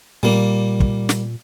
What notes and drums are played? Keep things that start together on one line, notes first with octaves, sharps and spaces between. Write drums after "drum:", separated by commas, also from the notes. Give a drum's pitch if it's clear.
A#2 G3 A#3
drum: kick
drum: snare